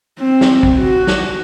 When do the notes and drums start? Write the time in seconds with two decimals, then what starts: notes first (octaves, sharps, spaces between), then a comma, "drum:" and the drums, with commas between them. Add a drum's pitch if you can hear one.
0.19 C4
0.41 drum: snare
0.63 drum: kick
0.79 F#4
1.07 drum: snare